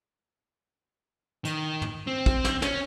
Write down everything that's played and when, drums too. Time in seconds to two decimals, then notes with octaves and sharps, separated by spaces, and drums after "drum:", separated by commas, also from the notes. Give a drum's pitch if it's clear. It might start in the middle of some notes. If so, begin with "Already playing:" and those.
1.45 D#3, drum: hi-hat
1.82 drum: tom
2.07 C4
2.26 drum: kick
2.44 drum: snare
2.62 C#4, drum: snare